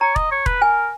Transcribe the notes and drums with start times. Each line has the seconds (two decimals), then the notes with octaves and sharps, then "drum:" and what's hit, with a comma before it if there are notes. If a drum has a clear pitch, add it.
0.01 C#5 A#5
0.16 D#5, drum: kick E1
0.32 C#5
0.46 B4, drum: kick E1
0.62 A#4 G#5